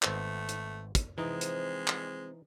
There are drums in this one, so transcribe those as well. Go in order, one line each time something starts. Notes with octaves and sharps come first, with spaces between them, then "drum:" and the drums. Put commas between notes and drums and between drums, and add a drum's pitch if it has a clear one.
G#1 A3 B3 C5, drum: clap
drum: hi-hat
drum: kick, hi-hat
C3 E3 F3 G#3 C4 D#4
drum: hi-hat
drum: clap